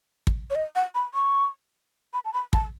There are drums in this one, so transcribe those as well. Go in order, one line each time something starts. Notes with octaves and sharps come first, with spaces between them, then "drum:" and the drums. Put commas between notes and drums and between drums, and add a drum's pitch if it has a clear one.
drum: kick
C#5
D#5
F#5
B5
C#6
B5
A5
B5
A5, drum: kick